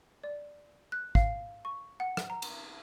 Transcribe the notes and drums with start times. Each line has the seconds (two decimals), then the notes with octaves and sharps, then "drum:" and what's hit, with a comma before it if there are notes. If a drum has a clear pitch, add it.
0.24 D5
0.92 F#6
1.15 F5, drum: kick
1.65 C#6
2.00 F#5
2.17 drum: rim click
2.30 A#5
2.42 drum: cymbal